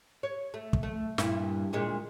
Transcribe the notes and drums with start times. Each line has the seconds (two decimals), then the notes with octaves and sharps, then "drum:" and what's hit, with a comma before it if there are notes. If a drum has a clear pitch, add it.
0.23 C#5
0.54 A3
0.73 drum: kick
0.83 A3
1.18 G2 A#2 E4, drum: snare
1.73 D2 A#2 G#3